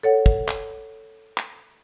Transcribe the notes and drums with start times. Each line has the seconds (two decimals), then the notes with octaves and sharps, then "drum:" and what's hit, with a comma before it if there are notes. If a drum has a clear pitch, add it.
0.03 A4 C#5 F#5
0.26 drum: kick
0.48 drum: clap
1.38 drum: clap